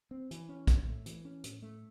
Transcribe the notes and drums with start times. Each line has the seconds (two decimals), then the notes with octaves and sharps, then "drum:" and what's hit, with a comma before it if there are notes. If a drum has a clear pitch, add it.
0.11 C4
0.31 E3, drum: hi-hat
0.49 C#4
0.67 A2, drum: kick, hi-hat
0.87 A3
1.06 E3, drum: hi-hat
1.25 C#4
1.44 A2, drum: hi-hat
1.62 A3